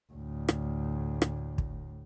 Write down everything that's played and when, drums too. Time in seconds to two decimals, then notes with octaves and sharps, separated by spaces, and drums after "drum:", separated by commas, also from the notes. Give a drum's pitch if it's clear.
0.12 D2 A2
0.48 drum: rim click
1.22 drum: rim click
1.58 drum: kick